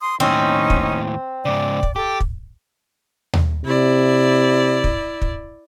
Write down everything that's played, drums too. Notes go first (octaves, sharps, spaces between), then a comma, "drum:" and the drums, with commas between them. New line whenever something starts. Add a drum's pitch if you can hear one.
C6 D#6
D#2 A2 C4 C#4 D#4 C#6
drum: kick
G#2 C#3 D5
drum: kick
G4 A4 D6
drum: kick
drum: tom D#2
C3 E4 D5
drum: kick
drum: kick